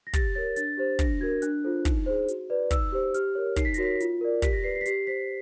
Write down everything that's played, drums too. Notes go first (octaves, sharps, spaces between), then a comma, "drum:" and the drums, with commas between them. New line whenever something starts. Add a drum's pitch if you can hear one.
A#6
G4 A6, drum: kick, hi-hat
A#4 C#5 A6
D4 A6, drum: hi-hat
G4 C5
D4 A#6, drum: kick, hi-hat
F#4 A#4 G#6
D4 F#6, drum: hi-hat
F4 A4 C5
D#4, drum: kick, hi-hat
G#4 C5
F#4, drum: hi-hat
B4 D5
D#4 E6, drum: kick, hi-hat
G4 C5
G4 F6, drum: hi-hat
A#4 C#5
D#4 C7, drum: kick, hi-hat
B6
A#6, drum: hi-hat
F#4 A#4 C#5 B6
F4, drum: hi-hat
A#4 D5
G4 B6, drum: kick, hi-hat
A#6
B4 D5 C7
C7
B6
G4 C7, drum: hi-hat
C5 B6